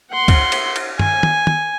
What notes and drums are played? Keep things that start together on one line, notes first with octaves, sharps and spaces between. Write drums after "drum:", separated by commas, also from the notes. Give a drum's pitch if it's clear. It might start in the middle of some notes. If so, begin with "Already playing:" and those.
F#5 C6
drum: kick C#2, cymbal
drum: cymbal
drum: cymbal
G#5, drum: tom
drum: tom
drum: tom